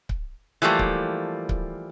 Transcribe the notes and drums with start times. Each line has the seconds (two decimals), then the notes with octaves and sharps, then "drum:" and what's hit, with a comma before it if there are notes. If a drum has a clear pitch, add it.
0.09 drum: kick C#1
0.62 E3 F3 G3 A3 A#3
0.79 drum: kick C#1
1.49 drum: kick C#1